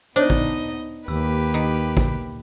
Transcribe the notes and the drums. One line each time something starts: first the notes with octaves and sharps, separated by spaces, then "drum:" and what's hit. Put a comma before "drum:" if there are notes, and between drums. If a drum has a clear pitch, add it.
B3 D4 D#4 C5 C#5 D#5
drum: kick
D#2 A#3 G4 B4 E6
D#3
drum: kick